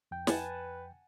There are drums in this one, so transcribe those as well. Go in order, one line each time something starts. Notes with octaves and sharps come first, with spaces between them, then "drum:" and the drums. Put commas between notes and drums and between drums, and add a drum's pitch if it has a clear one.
F2 G5
B4 F#5 G#5 A5, drum: snare